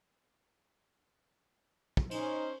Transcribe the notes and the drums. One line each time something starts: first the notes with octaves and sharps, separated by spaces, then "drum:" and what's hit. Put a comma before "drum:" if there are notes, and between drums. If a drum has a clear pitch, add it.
drum: kick
C#4 D#4 C5, drum: cymbal